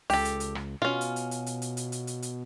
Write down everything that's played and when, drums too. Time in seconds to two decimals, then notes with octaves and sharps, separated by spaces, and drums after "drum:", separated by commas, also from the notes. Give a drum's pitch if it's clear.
0.10 C#2 G4 A4, drum: open hi-hat
0.25 drum: hi-hat
0.40 drum: hi-hat
0.55 drum: rim click
0.82 B2 C#4 F4
1.01 drum: hi-hat
1.16 drum: hi-hat
1.31 drum: hi-hat
1.46 drum: hi-hat
1.62 drum: hi-hat
1.77 drum: hi-hat
1.92 drum: hi-hat
2.07 drum: hi-hat
2.22 drum: hi-hat